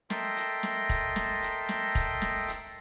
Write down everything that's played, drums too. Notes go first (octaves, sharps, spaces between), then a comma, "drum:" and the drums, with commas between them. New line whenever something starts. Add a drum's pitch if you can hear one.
A4 A#4 D#5 E5 G5 C6, drum: snare
drum: hi-hat
drum: snare
drum: kick, hi-hat
drum: snare
drum: hi-hat
drum: snare
drum: kick, hi-hat
drum: snare
drum: hi-hat